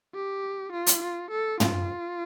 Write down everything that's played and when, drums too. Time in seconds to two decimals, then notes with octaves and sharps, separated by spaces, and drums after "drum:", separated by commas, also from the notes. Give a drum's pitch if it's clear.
0.14 G4
0.72 F4
0.87 drum: hi-hat
1.02 F4
1.30 A4
1.60 F4, drum: tom